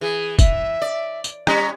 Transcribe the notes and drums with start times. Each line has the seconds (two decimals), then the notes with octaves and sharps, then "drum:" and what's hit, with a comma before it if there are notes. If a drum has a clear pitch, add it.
0.01 E3 G#4
0.39 E5, drum: kick, tambourine
0.82 D5
1.24 drum: tambourine
1.47 G3 C#4 A#5, drum: rim click